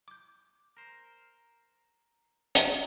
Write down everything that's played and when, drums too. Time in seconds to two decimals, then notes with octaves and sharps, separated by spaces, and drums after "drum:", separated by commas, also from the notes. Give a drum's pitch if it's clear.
0.08 D6 G6
0.77 A#4 C5
2.55 drum: hi-hat